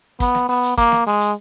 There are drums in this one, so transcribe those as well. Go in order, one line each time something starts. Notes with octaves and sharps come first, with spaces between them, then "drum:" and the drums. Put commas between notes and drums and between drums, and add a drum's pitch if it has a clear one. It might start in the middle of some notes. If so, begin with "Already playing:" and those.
B3, drum: kick, hi-hat
drum: snare
B3, drum: open hi-hat
drum: hi-hat
A#3, drum: kick, hi-hat
drum: snare
G#3, drum: open hi-hat
drum: hi-hat